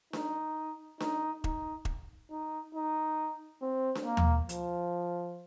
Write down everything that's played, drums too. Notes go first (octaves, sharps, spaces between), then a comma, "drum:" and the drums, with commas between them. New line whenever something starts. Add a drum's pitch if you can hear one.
D#4, drum: snare D4
D#4, drum: snare D4
D#4, drum: kick E1
drum: kick E1
D#4
D#4
C4
drum: snare D4
A#3
drum: tom D#2
F3, drum: hi-hat